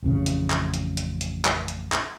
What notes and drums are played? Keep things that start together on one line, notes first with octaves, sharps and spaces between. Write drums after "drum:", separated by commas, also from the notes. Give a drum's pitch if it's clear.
A1 F2 C#3
drum: hi-hat
drum: clap
drum: hi-hat
drum: hi-hat
drum: hi-hat
drum: clap
drum: hi-hat
drum: clap